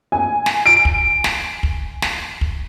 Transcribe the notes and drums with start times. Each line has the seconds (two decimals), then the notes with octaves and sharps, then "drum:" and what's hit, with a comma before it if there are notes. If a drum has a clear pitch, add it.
0.12 G#5
0.46 drum: snare
0.66 D7
0.85 drum: kick
1.24 drum: snare
1.63 drum: kick
2.02 drum: snare
2.41 drum: kick